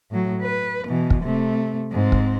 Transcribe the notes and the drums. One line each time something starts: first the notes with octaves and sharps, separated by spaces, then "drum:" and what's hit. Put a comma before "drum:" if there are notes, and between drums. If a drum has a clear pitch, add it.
A2 F#3
B4
B2 E3
drum: kick
C3 A3
G#2 C4
drum: kick